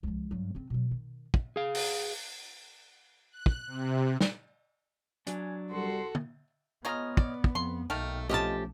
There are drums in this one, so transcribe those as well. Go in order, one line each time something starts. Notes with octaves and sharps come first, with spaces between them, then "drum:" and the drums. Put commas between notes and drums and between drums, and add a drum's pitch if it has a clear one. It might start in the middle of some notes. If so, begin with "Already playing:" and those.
C#2 F3
G2 F#3
C#3 C4
B2 F#3
D#3
drum: kick
G#4 F5
drum: open hi-hat
F#6
drum: kick
C3
drum: snare
F#3 D4 G#5, drum: hi-hat
C2 G3 F#4 A4 C6
drum: tom
G#3 B3 F4 C#5 D#5 A#5 F6
D5, drum: kick
drum: kick
F2 C6
B1 D#3 A3 A#3 G5 F6
F3 A3 C4 C#4 F4 G4 D#5 A5